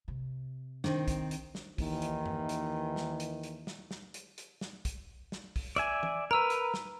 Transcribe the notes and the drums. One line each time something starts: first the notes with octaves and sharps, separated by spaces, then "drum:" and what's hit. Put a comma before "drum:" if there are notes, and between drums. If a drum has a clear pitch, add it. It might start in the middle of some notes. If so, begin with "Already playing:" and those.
C3
D#3 C4 D4, drum: snare
drum: kick, hi-hat
drum: hi-hat
drum: snare
D#2 D#3 E3, drum: kick, open hi-hat
drum: hi-hat
drum: tom F#2
drum: hi-hat
drum: snare
drum: hi-hat
drum: hi-hat
drum: snare
drum: snare
drum: hi-hat
drum: hi-hat
drum: snare
drum: kick, hi-hat
drum: snare
drum: kick, open hi-hat
D5 E5 G#5, drum: hi-hat
drum: tom E3
A#4 B4 A#5 E6
drum: hi-hat
drum: snare